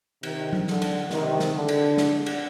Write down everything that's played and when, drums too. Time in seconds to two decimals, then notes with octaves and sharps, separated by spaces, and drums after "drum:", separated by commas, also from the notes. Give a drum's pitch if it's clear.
0.23 C3 D#3, drum: cymbal
0.53 drum: tom F#3
0.67 D3, drum: snare
0.82 drum: cymbal
1.10 C3 D#3, drum: snare
1.40 drum: snare
1.55 D3
1.68 drum: cymbal
1.97 drum: snare
2.26 drum: cymbal